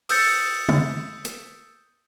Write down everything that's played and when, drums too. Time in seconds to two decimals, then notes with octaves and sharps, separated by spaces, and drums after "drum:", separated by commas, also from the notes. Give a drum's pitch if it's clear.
0.09 D#6 E6 G6 A6 C#7, drum: open hi-hat
0.69 drum: tom C#3
1.25 drum: hi-hat